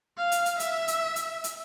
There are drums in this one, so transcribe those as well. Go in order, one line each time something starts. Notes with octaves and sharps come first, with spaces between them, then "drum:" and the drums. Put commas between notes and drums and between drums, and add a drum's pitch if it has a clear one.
F5
drum: hi-hat
drum: hi-hat
E5, drum: hi-hat
drum: hi-hat
drum: hi-hat
drum: hi-hat